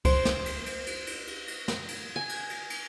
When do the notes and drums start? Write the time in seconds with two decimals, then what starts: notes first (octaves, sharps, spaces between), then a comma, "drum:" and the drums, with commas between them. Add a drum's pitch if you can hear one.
0.05 C5, drum: kick C2, cymbal
0.25 drum: snare
0.46 drum: cymbal
0.66 drum: cymbal
0.86 drum: cymbal
1.07 drum: cymbal
1.27 drum: cymbal
1.48 drum: cymbal
1.68 drum: snare
1.88 drum: cymbal
2.16 G#5
2.29 drum: cymbal
2.50 drum: cymbal
2.70 drum: cymbal